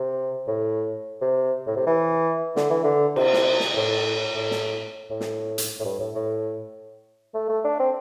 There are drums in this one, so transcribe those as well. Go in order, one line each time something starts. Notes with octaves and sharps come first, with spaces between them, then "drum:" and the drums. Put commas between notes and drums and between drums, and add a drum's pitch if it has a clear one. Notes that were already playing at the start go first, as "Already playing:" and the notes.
Already playing: C3
A2
C3
A2
C3
E3
D3, drum: snare
E3
D3
C3, drum: cymbal
drum: snare
drum: snare
A2
A2
drum: snare
A2
drum: snare
drum: hi-hat
A2
G2
A2
A2
A3
A3
D4
C4